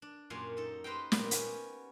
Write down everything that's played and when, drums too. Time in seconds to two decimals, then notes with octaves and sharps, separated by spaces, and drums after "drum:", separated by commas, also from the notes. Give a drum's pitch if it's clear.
0.02 D4
0.30 F#2 A#2 G4 F5 G#5 C6
0.57 D#4 A4
0.84 G4 B4 C5 D#5 F5 G5
1.12 A#2 G4 B4 D#5 F5, drum: snare
1.31 B3 C#4, drum: hi-hat